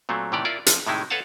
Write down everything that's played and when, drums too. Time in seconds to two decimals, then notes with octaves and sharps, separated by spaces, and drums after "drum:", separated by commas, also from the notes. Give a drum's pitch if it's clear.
0.09 A#2 F#3 A3 C4
0.32 A2 C3 D#3 E3 G4 D5
0.45 E4 F4 A#4 D5
0.66 F3, drum: hi-hat
0.87 A2 C3 D#3 G#3 D#4 E4
1.10 A4 B4 C#5 F5 F#5 A5